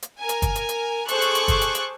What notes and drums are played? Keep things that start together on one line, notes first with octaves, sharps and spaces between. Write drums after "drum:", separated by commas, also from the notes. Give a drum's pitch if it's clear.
drum: hi-hat
A#4 G#5
drum: hi-hat
drum: kick, hi-hat
drum: hi-hat
drum: hi-hat
G#4 A4 C5 C#6 D6 F#6, drum: hi-hat
drum: hi-hat
drum: hi-hat
drum: kick, hi-hat
drum: hi-hat
drum: hi-hat